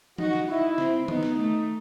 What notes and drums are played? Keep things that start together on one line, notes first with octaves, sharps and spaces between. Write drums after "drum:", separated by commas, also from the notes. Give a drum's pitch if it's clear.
D#4 F#4, drum: tom E3
drum: snare
D#4 E4
C4, drum: snare
B3 D#4, drum: tom D#3
drum: snare
A3